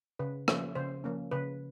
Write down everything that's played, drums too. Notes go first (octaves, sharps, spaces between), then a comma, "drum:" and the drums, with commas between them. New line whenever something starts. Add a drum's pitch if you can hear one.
C#3 B4
F3 A#3 C#4, drum: rim click
C#3 C5
F3 A#3 C#4
C#3 B4